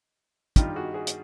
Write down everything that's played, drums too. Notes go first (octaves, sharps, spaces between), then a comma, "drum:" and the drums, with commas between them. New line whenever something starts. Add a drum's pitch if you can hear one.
G2 D#3 G3 F4 G4, drum: kick, hi-hat
F#4 G#4
F#4 G#4
drum: hi-hat